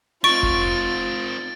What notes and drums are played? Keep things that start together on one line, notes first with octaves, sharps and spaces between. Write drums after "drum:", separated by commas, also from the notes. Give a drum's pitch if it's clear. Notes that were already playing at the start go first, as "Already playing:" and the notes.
C4 D#4 F4 C#6 A6 D7
drum: kick F1